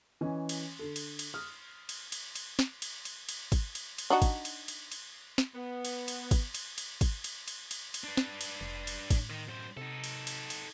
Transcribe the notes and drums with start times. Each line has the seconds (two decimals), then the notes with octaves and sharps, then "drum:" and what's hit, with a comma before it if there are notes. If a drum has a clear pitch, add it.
0.21 E3 C#4 D#5
0.49 drum: cymbal
0.79 D3 A4
0.96 drum: cymbal
1.19 drum: cymbal
1.34 D#6 F6
1.89 drum: cymbal
2.12 drum: cymbal
2.35 drum: cymbal
2.59 drum: snare
2.82 drum: cymbal
3.05 drum: cymbal
3.29 drum: cymbal
3.52 drum: kick, cymbal
3.75 drum: cymbal
3.98 drum: cymbal
4.10 D4 D#4 F#4
4.22 drum: kick, cymbal
4.45 drum: cymbal
4.68 drum: cymbal
4.92 drum: cymbal
5.38 drum: snare
5.55 B3
5.85 drum: cymbal
6.08 drum: cymbal
6.31 drum: kick, cymbal
6.54 drum: cymbal
6.78 drum: cymbal
7.01 drum: kick, cymbal
7.24 drum: cymbal
7.48 drum: cymbal
7.71 drum: cymbal
7.94 drum: cymbal
8.04 D4 B4
8.17 drum: snare
8.41 drum: cymbal
8.61 F1
8.87 drum: cymbal
9.10 A2, drum: kick, cymbal
9.30 D#3
9.48 F#2 C5
9.77 C3 D#4 A4
10.04 drum: cymbal
10.27 drum: cymbal
10.50 drum: cymbal